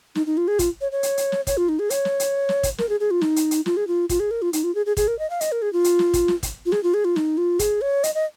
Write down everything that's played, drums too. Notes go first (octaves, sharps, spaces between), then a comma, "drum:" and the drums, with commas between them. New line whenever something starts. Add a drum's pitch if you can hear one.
D#4, drum: snare
D#4
F4
G#4
F4, drum: kick, hi-hat
C#5
C#5
drum: hi-hat
drum: hi-hat
drum: snare
C#5, drum: kick, hi-hat
F4
D#4
G#4
C#5, drum: hi-hat
drum: snare
drum: hi-hat
drum: snare
drum: kick, hi-hat
A#4, drum: snare
G#4
G#4
F4
D#4, drum: snare
drum: hi-hat
drum: hi-hat
F4, drum: snare
G#4
F4
F4, drum: kick, hi-hat
G#4
A#4
F4
D#4, drum: hi-hat
F4
G#4
G#4
G#4, drum: kick, hi-hat
A#4
D#5
F5
D#5, drum: hi-hat
A#4
G#4
F4
drum: hi-hat
drum: snare
drum: kick, hi-hat
drum: snare
drum: kick, hi-hat
F4
G#4, drum: snare
F4
G#4
F4
D#4, drum: snare
F4
G#4, drum: kick, hi-hat
C#5
D#5, drum: hi-hat
D#5